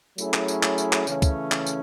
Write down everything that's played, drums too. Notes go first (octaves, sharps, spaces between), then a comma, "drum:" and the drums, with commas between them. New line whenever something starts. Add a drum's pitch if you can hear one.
F#3 A3 C#4 E4 G#4, drum: tambourine
drum: clap
drum: tambourine
drum: clap
drum: tambourine
drum: clap
C#3 E3 A3 C#4, drum: tambourine
drum: kick, tambourine
drum: clap
drum: tambourine